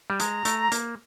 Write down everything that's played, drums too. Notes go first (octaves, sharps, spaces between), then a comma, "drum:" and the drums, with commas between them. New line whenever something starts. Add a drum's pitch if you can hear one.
G3
G#3 A#5, drum: hi-hat
A3, drum: hi-hat
A#3, drum: hi-hat